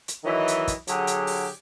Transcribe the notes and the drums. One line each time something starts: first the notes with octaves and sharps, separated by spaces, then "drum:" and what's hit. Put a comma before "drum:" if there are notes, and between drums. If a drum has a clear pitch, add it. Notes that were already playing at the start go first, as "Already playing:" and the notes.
drum: hi-hat
D#3 E3 F#3 E4 D#5 E5
drum: hi-hat
drum: kick, hi-hat
D3 F#3 G4 G#4, drum: hi-hat
drum: hi-hat
drum: open hi-hat